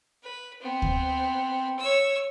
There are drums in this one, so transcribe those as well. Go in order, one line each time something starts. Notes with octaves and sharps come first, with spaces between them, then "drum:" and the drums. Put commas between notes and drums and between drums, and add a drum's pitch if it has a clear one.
B4
B3 C4
drum: kick D2
C#5 E6